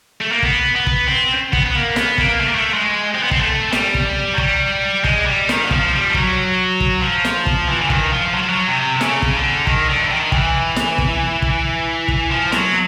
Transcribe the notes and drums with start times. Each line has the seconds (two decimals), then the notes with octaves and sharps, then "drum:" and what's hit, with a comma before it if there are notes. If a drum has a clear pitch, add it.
0.21 A3
0.32 A#3
0.43 B3, drum: kick
0.76 B3
0.87 drum: kick
1.09 C4
1.53 B3, drum: kick
1.66 B3
1.75 A#3
1.96 B3, drum: snare
2.18 A#3, drum: kick
2.40 A3
2.48 A#3
2.55 A3
2.74 G#3
3.15 C4
3.23 B3
3.31 C4, drum: kick
3.40 A3
3.72 G3, drum: snare
3.95 drum: kick
4.34 F#3
4.38 G3, drum: kick
5.04 G#3, drum: kick
5.26 G3
5.49 D#3, drum: snare
5.66 F#3
5.71 F3, drum: kick
5.92 G3
6.10 F3
6.14 F#3, drum: kick
6.81 drum: kick
7.02 F3
7.24 drum: snare
7.46 drum: kick
7.68 E3
7.80 D3
7.90 D#3, drum: kick
8.12 F3
8.34 F#3
8.42 F3
8.50 F#3
8.67 C3
8.96 C3
9.01 C#3, drum: snare
9.22 drum: kick
9.34 D3
9.67 D#3, drum: kick
9.89 D3
10.01 E3
10.10 D#3
10.32 E3, drum: kick
10.76 drum: snare
10.98 drum: kick
11.42 drum: kick
12.08 drum: kick
12.30 F3
12.52 F#3, drum: snare